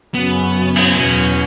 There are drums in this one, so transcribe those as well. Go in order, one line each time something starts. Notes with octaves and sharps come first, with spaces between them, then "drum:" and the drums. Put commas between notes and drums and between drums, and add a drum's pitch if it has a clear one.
F#2 C#3 F#3 B3 C#4
drum: cymbal
E2 B2 F#3 C#4